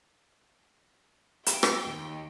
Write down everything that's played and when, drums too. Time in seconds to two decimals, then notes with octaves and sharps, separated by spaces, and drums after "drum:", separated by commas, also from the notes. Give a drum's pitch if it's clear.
1.46 G5, drum: hi-hat
1.63 drum: rim click
1.87 D#2